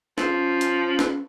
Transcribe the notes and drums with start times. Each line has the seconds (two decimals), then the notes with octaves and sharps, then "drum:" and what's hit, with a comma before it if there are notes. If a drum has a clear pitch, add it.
0.18 F3 C#4, drum: snare
0.61 drum: hi-hat
0.99 drum: snare